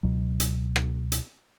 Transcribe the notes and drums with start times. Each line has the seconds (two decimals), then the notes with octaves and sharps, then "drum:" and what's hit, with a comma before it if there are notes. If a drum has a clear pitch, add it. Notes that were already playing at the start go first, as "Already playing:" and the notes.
0.03 C#2 B2 F#3
0.40 drum: hi-hat
0.76 drum: rim click
1.12 drum: hi-hat